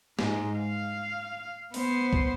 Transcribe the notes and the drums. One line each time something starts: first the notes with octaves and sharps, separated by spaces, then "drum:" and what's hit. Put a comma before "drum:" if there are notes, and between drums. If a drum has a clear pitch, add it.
G#2 G#3, drum: snare
F5
B3 C5, drum: open hi-hat
drum: kick C2